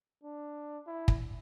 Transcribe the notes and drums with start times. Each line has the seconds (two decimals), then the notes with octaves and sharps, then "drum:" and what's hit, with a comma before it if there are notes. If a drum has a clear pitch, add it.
0.23 D4
0.87 E4
1.08 drum: kick